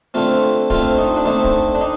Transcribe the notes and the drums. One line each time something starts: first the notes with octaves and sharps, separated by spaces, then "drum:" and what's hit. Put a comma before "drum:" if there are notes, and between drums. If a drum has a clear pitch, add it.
D3 A3 C4 F4
D3 A3 C4 F4, drum: kick
D#4
D4
D3 A3 C4 D#4
drum: kick
D4
D#4